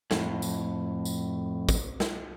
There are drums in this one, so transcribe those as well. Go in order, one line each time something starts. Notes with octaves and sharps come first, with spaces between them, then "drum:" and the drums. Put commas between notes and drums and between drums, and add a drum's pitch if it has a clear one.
F2 A2, drum: snare
drum: tambourine
drum: tambourine
drum: kick, tambourine
drum: snare